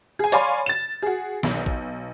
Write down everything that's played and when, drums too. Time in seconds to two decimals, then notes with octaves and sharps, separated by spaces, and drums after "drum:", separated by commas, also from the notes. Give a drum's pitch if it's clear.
0.19 G#4 G#5
0.32 C#5 D5 F5 G#5 B5 C6, drum: hi-hat
0.66 A6 E7
1.02 F#4 G#4
1.43 B1, drum: snare
1.66 drum: kick